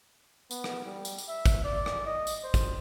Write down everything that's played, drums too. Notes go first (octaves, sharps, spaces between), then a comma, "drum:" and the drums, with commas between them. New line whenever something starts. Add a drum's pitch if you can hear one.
B3, drum: tambourine
drum: rim click
G3
drum: tambourine
drum: tambourine
E5
drum: kick, tambourine
D5
drum: rim click
D#5
drum: tambourine
C5
drum: kick, tambourine